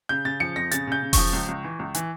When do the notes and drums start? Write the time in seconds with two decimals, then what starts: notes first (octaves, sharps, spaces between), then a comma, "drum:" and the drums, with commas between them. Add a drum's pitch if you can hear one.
0.09 C#3 G6
0.25 C#3 A6
0.40 F3 C#7
0.56 F2 A#6
0.71 C#3 A6, drum: hi-hat
0.87 C#3 G6
1.03 C#3
1.13 F3 C#6, drum: kick E1, open hi-hat
1.33 C#2
1.48 C#2
1.64 E3
1.79 C#2
1.95 E3, drum: hi-hat